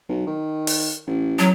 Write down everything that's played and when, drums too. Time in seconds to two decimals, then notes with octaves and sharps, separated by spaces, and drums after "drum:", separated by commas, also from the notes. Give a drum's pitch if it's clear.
0.09 B1
0.27 D#3
0.67 drum: open hi-hat
1.07 A1
1.39 F#3